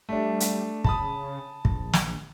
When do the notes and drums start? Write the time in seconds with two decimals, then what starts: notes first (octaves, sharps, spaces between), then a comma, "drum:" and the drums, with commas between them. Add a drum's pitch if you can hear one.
0.09 G3 A3 D4
0.40 drum: hi-hat
0.84 C#3 A5 B5 D#6, drum: kick
1.65 A#1, drum: kick
1.93 drum: snare